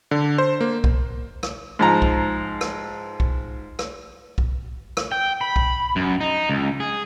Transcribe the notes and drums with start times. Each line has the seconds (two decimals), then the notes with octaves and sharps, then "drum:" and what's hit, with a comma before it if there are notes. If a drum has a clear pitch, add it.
0.11 D3
0.38 C5
0.61 A#3
0.84 drum: kick B1
1.43 drum: rim click
1.79 G#2 F3 A#5
2.02 drum: kick B1
2.61 drum: rim click
3.20 drum: kick B1
3.79 drum: rim click
4.38 drum: kick B1
4.97 drum: rim click
5.12 G5
5.41 B5
5.56 drum: kick B1
5.96 F#2
6.21 D#4
6.49 C#2
6.80 G#4